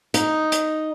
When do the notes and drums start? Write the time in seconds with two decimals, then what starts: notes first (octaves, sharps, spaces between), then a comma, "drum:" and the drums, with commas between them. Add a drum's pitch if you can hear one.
0.14 D#4, drum: hi-hat
0.52 drum: hi-hat